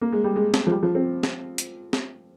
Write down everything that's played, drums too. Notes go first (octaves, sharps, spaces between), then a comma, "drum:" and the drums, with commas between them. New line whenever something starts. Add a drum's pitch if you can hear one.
A#3
G#3
G3
G#3
drum: snare
F3
G3
F3
C4
drum: snare
drum: hi-hat
drum: snare